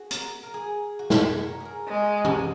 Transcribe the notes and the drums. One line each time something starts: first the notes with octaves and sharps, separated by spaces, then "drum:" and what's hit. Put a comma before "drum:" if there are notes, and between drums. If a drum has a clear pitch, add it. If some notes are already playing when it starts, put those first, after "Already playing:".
Already playing: F#4 G#4
A#4, drum: hi-hat
A#4
G#4
F#4
drum: snare
C#5
A#4
G#4 A#4
G#3 C#5
A#4
D#4, drum: tom
C#4
A#3